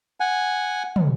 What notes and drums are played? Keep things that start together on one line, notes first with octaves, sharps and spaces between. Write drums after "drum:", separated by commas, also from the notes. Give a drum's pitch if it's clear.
F#5 G#5
drum: tom